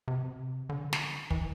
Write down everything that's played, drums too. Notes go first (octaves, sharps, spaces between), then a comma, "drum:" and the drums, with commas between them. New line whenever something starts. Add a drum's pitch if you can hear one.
C3
D3
drum: snare
E3, drum: kick